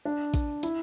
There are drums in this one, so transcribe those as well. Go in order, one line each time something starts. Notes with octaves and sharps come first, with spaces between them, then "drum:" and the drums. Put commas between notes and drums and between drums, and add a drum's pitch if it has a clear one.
D4
drum: kick, hi-hat
E4, drum: hi-hat